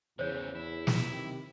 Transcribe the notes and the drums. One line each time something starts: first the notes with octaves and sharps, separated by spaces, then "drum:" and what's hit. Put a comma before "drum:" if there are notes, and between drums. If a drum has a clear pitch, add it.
E2 C#3 E3 C5 C#5
E4
drum: snare
C3 D#3 G4